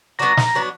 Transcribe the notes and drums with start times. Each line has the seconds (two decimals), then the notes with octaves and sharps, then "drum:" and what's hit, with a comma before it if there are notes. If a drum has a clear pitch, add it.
0.19 F#3 B3 D4 F#4 A#5
0.37 drum: snare
0.55 F#3 B3 D4 F#4